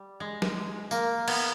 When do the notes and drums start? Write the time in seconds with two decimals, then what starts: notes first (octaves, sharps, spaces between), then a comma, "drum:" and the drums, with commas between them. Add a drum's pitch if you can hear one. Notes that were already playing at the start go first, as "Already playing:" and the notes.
Already playing: G3
0.20 G#3
0.42 drum: snare
0.91 A#3, drum: tambourine
1.28 B3, drum: cymbal